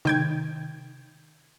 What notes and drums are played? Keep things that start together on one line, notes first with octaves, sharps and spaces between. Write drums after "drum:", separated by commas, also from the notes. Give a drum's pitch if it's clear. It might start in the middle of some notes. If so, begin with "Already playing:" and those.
D#3 G5 G#6, drum: tom C3